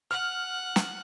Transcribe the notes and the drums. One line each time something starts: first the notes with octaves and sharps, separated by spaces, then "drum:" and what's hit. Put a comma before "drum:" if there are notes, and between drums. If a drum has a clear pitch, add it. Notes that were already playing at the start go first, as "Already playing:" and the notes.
F#5 F6
drum: snare